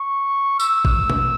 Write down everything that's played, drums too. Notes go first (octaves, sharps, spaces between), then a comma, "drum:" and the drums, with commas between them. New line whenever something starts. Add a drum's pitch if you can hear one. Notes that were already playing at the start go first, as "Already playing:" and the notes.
Already playing: C#6
E6, drum: tambourine
drum: kick A1
drum: tom B2